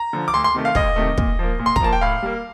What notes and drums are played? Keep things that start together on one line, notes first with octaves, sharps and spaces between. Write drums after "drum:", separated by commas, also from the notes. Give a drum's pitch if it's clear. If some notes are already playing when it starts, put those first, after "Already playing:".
Already playing: A#5
D3 F3
D6
D2 C6
C6
C3 D#3 A3
F5
D2 D#5, drum: kick
C3 D#3 A3
A#2, drum: kick
F3 A#3
A#2
C6
A#5, drum: kick
F3 A#3 A5
G5
A2 F5
G3 A#3